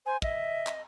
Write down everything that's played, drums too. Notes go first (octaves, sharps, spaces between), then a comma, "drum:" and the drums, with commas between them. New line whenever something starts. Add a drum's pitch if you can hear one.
C5 G#5
D#5 E5, drum: kick
drum: clap